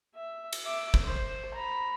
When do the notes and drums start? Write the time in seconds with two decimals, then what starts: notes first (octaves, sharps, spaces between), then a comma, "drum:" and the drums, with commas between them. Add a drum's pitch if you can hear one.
0.15 E5
0.53 drum: cymbal
0.65 E5 D6
0.94 drum: kick
1.05 C5
1.54 A#5 B5